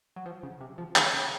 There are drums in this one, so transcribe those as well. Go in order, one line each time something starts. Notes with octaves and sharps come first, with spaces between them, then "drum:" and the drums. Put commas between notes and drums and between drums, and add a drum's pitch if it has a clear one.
F#3
F3
C#3
C3
F3
D#3, drum: clap
C#3